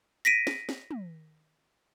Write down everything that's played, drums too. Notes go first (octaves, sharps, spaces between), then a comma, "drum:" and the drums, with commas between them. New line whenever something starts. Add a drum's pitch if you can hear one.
A#6 B6 D7 D#7
drum: snare
drum: snare
drum: tom